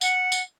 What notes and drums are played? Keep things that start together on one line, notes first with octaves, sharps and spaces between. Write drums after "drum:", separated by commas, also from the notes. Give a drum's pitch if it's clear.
F#5, drum: tambourine
drum: tambourine